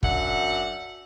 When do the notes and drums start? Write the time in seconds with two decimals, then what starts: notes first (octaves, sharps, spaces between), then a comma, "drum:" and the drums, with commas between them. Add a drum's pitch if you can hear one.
0.03 F#2 D4 E5 F#5, drum: kick